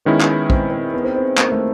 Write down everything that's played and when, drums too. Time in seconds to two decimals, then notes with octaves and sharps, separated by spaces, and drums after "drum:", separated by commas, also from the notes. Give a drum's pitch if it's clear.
0.05 D#3 G#3 B3 C#4 E4
0.21 drum: clap
0.50 C4, drum: kick
0.71 C4
0.94 B3
1.04 C4
1.16 C4
1.38 A#3, drum: clap
1.52 A3